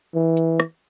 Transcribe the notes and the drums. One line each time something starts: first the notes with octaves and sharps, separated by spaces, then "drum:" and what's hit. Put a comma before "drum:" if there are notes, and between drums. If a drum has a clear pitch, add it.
E3
drum: hi-hat
drum: rim click